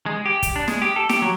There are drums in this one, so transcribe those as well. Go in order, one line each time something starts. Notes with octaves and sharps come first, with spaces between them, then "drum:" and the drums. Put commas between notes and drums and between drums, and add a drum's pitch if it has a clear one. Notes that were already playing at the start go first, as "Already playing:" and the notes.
G#3
G4
drum: kick, hi-hat
D4
G#3, drum: snare
G4
A4
G4, drum: snare
F#3